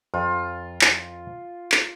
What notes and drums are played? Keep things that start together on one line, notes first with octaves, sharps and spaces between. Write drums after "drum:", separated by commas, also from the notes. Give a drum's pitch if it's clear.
F2 F4
drum: clap
drum: clap